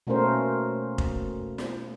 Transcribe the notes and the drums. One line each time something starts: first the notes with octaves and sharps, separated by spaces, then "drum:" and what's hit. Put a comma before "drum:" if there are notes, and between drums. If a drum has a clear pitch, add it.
B2 A3 A#3 C#4 A#4 C5
drum: kick
drum: snare